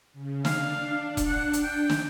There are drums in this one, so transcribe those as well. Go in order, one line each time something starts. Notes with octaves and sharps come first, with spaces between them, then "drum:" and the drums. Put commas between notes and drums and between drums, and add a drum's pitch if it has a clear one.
C#3
D4 F5, drum: snare
drum: kick E1, hi-hat
F#5
drum: hi-hat
G5
drum: snare